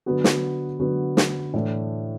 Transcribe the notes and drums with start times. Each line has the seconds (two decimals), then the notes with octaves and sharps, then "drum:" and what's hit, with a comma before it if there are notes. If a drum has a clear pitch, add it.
0.06 D3 F#3 B3 F#4
0.24 drum: snare
0.80 D3 F#3 B3 F#4
1.17 drum: snare
1.54 A2 E3 A3 D4